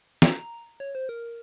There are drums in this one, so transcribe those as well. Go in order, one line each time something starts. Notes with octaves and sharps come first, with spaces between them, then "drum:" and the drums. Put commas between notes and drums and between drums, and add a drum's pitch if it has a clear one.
A#5, drum: snare
C#5
C5
A#4